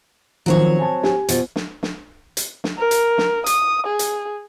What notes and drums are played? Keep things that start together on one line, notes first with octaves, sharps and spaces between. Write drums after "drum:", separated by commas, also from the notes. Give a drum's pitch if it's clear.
D#3 F3 F#3 C4 C#5
G#5 A5
G4 G#5, drum: snare
B2 F3, drum: hi-hat
drum: snare
drum: snare
drum: hi-hat
drum: snare
A#4
drum: hi-hat
drum: snare
D#6, drum: hi-hat
G#4
drum: hi-hat